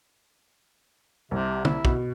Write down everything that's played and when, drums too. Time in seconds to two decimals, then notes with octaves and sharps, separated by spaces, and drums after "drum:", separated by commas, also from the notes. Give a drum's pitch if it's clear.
1.31 C2 C3
1.65 E4, drum: tom
1.85 B2, drum: kick